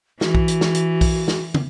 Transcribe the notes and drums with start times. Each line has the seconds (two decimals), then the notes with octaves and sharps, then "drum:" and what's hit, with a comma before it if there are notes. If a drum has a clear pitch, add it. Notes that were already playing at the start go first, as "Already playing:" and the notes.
0.21 E3 F#4, drum: snare
0.35 drum: kick B1
0.48 drum: hi-hat
0.61 drum: snare
0.75 drum: hi-hat
1.01 drum: kick B1, open hi-hat
1.28 drum: snare
1.54 drum: tom